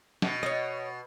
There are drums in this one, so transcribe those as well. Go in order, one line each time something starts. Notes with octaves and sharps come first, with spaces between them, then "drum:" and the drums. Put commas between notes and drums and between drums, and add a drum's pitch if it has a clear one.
B2, drum: snare
C#5 D#5, drum: rim click